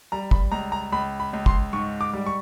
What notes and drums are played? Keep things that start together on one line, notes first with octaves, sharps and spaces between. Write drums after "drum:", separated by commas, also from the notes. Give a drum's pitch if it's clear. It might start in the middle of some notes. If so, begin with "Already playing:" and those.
G3 A#5
B5, drum: kick
C#2 A#5
A#5
C#2 B5
B5
C#2
C6, drum: kick
G#2 C#6
D6
G3
C#6